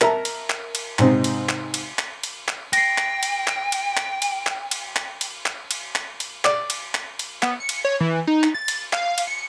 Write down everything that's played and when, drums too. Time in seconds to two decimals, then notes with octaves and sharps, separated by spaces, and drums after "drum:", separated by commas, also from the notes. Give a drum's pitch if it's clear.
0.01 A#4 E5 A5 A#5, drum: clap
0.25 drum: cymbal
0.50 drum: clap
0.75 drum: cymbal
0.99 G#2 C3 C4 D#4, drum: clap
1.24 drum: cymbal
1.49 drum: clap
1.74 drum: cymbal
1.99 drum: clap
2.23 drum: cymbal
2.48 drum: clap
2.73 G5 A#6 C7, drum: cymbal
2.98 drum: clap
3.23 drum: cymbal
3.47 drum: clap
3.72 drum: cymbal
3.97 drum: clap
4.22 drum: cymbal
4.47 drum: clap
4.71 drum: cymbal
4.96 drum: clap
5.21 drum: cymbal
5.46 drum: clap
5.71 drum: cymbal
5.95 drum: clap
6.20 drum: cymbal
6.45 D5, drum: clap
6.70 drum: cymbal
6.95 drum: clap
7.19 drum: cymbal
7.43 B3, drum: clap
7.60 C#7
7.69 drum: cymbal
7.85 C#5
8.00 E3
8.27 D#4
8.43 drum: clap
8.54 A6
8.68 drum: cymbal
8.93 F5, drum: clap
9.18 drum: cymbal
9.27 C#7